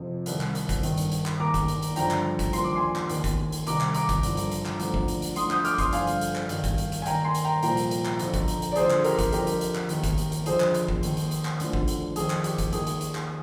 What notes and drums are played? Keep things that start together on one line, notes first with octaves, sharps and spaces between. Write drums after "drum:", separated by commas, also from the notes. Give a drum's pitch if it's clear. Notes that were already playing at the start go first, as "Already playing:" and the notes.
Already playing: F2 C3 F3
C2 C3 D#3, drum: hi-hat
drum: clap
drum: hi-hat
drum: kick G1, hi-hat
G2 D#3, drum: hi-hat
drum: hi-hat
drum: hi-hat
drum: clap
D#2 D#3 A#5 D6
drum: kick G1, hi-hat
drum: hi-hat
drum: hi-hat
G2 D3 F3 G5 A#5, drum: hi-hat
drum: clap
drum: kick G1, hi-hat
D#2 D3 F3 C6, drum: hi-hat
D6
G#5 C6
drum: clap
D#2 D#3, drum: hi-hat
drum: kick G1, hi-hat
drum: hi-hat
C2 C3 D#3 A#5 D6, drum: hi-hat
drum: clap
A#5 D6, drum: hi-hat
drum: kick G1, hi-hat
G2 D3 F3, drum: hi-hat
drum: hi-hat
drum: hi-hat
drum: clap
D2 D3 F3, drum: hi-hat
drum: kick G1
drum: hi-hat
drum: hi-hat
D2 D3 F3 C6 D#6, drum: hi-hat
D#6 G6, drum: clap
D6 F6, drum: hi-hat
C6 D#6, drum: kick G1, hi-hat
G2 D3 F3 F5 G#5, drum: hi-hat
drum: hi-hat
drum: hi-hat
drum: clap
G2 D#3, drum: hi-hat
drum: kick G1, hi-hat
drum: hi-hat
drum: hi-hat
G#5
D#2 D#3 G5 A#5, drum: hi-hat
G#5 C6
drum: hi-hat
G5 A#5
C2 A#2 F3 G5 A#5, drum: hi-hat
drum: hi-hat
drum: hi-hat
drum: clap
F2 D3 F3, drum: hi-hat
drum: kick G1, hi-hat
drum: hi-hat
drum: hi-hat
D5
D#2 D3 F3 G#4 C5, drum: hi-hat
drum: clap
G4 A#4, drum: hi-hat
drum: kick G1, hi-hat
F2 D3 F3 G4 A#4, drum: hi-hat
drum: hi-hat
drum: hi-hat
drum: clap
D#2 D#3, drum: hi-hat
drum: kick G1, hi-hat
drum: hi-hat
drum: hi-hat
F2 D3 F3 G#4 C5, drum: hi-hat
drum: clap
drum: hi-hat
drum: kick G1
D#2 D#3, drum: hi-hat
drum: hi-hat
drum: hi-hat
drum: clap
D2 D3 F3, drum: hi-hat
drum: kick G1
drum: hi-hat
F2 D#3 G#4, drum: hi-hat
drum: clap
G4, drum: hi-hat
drum: kick G1, hi-hat
D#2 D#3 G#4, drum: hi-hat
drum: hi-hat
drum: hi-hat
drum: clap